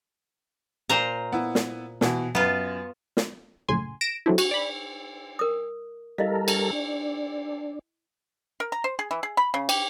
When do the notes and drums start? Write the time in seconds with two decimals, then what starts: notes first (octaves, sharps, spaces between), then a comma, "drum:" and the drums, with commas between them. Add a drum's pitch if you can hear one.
0.90 A#2 C5 A#5
1.32 B3 E4
1.55 drum: snare
2.01 B2 E3 F#4, drum: snare
2.35 F#2 B3 F4
3.17 drum: snare
3.68 A#1 F#2 A2 C#3 G#5 C6
4.01 A#6 D7 E7
4.26 F#3 A3 C4 D4 E4
4.38 F#4, drum: cymbal
4.51 D5 B5
5.39 A#4 D#6
6.18 G3 E4 A4 A#4 D#5 F5
6.48 drum: cymbal
6.73 D4
8.60 A#4
8.72 A#5
8.84 C5
8.99 G#4
9.11 E3
9.23 G#4
9.37 B5
9.54 C#3
9.69 G4, drum: cymbal